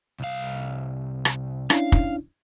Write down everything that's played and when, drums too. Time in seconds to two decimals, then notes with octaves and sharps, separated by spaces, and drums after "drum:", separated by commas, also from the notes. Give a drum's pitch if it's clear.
0.20 C2 F5
1.25 drum: rim click
1.70 C#4 D4 E4 F5, drum: rim click
1.92 drum: kick